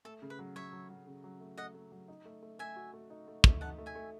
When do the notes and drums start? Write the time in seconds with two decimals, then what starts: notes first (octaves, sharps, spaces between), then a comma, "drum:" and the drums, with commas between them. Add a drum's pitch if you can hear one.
0.05 A3 A4
0.22 C#3
0.30 B4
0.39 F#3
0.55 F#3 C#5 E5
0.73 F#3
0.90 F#3
1.07 C#3
1.24 F#3
1.40 A3
1.57 A3 D#5 F#5
1.74 A3
1.92 F#3
2.08 D#4
2.25 A3
2.42 A3
2.59 A3 E5 G#5
2.76 F#4
2.93 A3
3.10 D#4
3.28 A3
3.44 A3, drum: kick
3.61 D#4 F#5 A5
3.78 A3
3.86 E5 G#5
3.95 A3